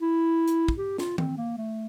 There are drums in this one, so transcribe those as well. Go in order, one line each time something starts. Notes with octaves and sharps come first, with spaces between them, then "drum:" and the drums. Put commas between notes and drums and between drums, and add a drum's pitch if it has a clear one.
E4
drum: hi-hat
drum: kick
G4
F4, drum: snare
C4, drum: tom D#3
A#3
A3